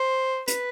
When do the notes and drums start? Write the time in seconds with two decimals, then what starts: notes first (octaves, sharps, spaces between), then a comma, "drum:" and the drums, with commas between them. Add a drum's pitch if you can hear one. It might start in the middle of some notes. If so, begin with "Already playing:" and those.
Already playing: C5
0.48 B4, drum: hi-hat